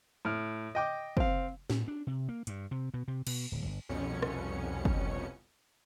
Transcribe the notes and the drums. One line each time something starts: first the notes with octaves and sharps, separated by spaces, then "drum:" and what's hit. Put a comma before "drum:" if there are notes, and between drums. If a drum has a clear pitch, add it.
A2 F6
D#5 G5 D6
C4 F5, drum: kick
A2, drum: snare
D4
C3
A#3
G2, drum: hi-hat
C3
B2
C3
B2, drum: cymbal
D1
G1
C2 F2 B2 C#4 C#7
drum: rim click
drum: kick